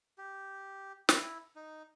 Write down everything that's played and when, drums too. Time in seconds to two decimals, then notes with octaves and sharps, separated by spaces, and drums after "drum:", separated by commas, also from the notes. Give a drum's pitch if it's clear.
0.18 G4
1.09 E4, drum: snare
1.56 D#4